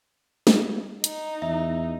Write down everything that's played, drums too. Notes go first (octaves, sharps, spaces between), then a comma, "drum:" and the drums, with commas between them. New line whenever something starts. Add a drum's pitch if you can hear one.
drum: snare
D#4, drum: hi-hat
E2 E5